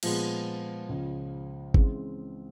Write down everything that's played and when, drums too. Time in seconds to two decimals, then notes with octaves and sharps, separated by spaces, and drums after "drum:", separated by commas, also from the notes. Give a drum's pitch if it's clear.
0.03 A#2 F3 G#3 B3, drum: cymbal
0.89 C#2 C#3 F3
1.74 C#3 E3 G#3 C4, drum: kick G#1